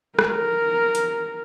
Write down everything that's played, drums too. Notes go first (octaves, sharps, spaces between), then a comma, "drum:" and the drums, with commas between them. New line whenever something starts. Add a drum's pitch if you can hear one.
A#4, drum: rim click
drum: hi-hat